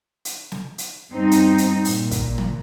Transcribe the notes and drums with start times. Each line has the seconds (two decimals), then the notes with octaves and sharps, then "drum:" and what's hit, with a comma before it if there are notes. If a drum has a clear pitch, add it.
0.25 drum: hi-hat
0.52 drum: snare
0.78 drum: hi-hat
1.12 G2 C4 D#4
1.31 drum: hi-hat
1.58 drum: hi-hat
1.85 A#2, drum: open hi-hat
2.11 drum: kick, hi-hat
2.38 drum: tom